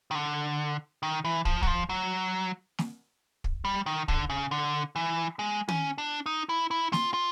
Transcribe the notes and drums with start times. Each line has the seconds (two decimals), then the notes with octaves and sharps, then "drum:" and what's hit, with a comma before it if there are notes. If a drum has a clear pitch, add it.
0.11 D#3
0.15 D3
1.03 D#3
1.25 E3
1.45 F3, drum: kick
1.63 F#3, drum: kick
1.67 F3
1.89 F#3
2.78 drum: snare
3.44 drum: kick
3.65 G3
3.86 D#3
4.08 D3, drum: kick
4.30 C#3
4.51 D3
4.96 E3
5.39 G#3
5.68 C#4, drum: tom
5.98 D4
6.26 D#4
6.49 E4
6.71 E4
6.93 F4, drum: snare
7.14 F4